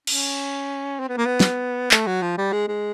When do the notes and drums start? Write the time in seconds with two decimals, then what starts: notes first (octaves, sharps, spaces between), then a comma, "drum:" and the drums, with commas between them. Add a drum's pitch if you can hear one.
0.07 C#4, drum: cymbal
1.00 C4
1.09 B3
1.17 A#3
1.26 B3
1.40 drum: snare
1.91 A3, drum: clap
2.07 F#3
2.22 F3
2.38 G3
2.53 G#3
2.68 G#3